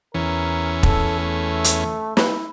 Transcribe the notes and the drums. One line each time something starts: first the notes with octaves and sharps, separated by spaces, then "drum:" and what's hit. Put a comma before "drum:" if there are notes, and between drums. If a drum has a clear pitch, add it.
E2 E3 C#4 A#4
A4, drum: kick E1
A3
drum: hi-hat
E4, drum: snare